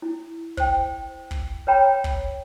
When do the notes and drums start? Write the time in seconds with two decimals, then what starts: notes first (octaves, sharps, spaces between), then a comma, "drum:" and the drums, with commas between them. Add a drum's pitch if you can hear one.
0.02 E4
0.57 C5 G5, drum: kick
1.31 drum: kick
1.67 B4 C#5 G5 A#5 B5
2.04 drum: kick